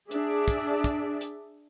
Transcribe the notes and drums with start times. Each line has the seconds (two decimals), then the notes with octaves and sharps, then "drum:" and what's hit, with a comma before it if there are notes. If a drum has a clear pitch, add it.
0.11 D4 G#4 D5 E5, drum: hi-hat
0.48 drum: kick, hi-hat
0.84 drum: kick, hi-hat
1.21 drum: hi-hat